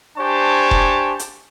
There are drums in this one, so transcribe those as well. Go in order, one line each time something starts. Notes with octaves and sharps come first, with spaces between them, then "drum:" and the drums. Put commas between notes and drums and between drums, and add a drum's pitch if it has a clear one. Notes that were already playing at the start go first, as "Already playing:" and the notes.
D4 G4 C5 G#5 A5 C#6
drum: kick F1
drum: hi-hat